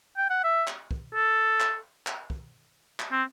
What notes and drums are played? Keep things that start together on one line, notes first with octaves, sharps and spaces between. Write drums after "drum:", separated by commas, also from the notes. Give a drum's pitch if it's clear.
G5
F#5
E5
drum: clap
drum: kick
A4
drum: clap
drum: clap
drum: kick
drum: clap
C4